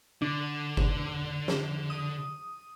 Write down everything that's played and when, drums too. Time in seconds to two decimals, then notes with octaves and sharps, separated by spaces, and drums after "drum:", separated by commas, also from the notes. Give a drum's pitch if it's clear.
0.22 D3 D4
0.77 drum: kick G1
1.48 drum: snare
1.90 D#6